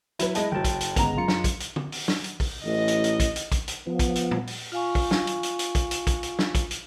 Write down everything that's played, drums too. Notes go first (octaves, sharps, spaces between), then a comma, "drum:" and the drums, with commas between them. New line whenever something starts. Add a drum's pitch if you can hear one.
F#3 E4 B4, drum: hi-hat
G#3 D#5 A5, drum: hi-hat
F#1 F#3 G5 A5
drum: kick, hi-hat
drum: hi-hat
G1 C#3 G#3 B3 A#5 F7, drum: kick, hi-hat
F#2 F4 C#7
drum: snare
drum: kick, hi-hat
drum: hi-hat
drum: tom
drum: open hi-hat
drum: snare
drum: hi-hat
drum: kick, open hi-hat
A1 D#5
drum: hi-hat
drum: hi-hat
drum: kick, hi-hat
drum: hi-hat
drum: kick, hi-hat
drum: hi-hat
F3 B3
drum: kick, hi-hat
drum: hi-hat
drum: tom A#2
drum: open hi-hat
F4 F5 G#5 C#6
drum: kick, open hi-hat
drum: snare
drum: hi-hat
drum: hi-hat
drum: hi-hat
drum: kick, hi-hat
drum: hi-hat
drum: kick, hi-hat
drum: hi-hat
drum: snare
drum: kick, hi-hat
drum: hi-hat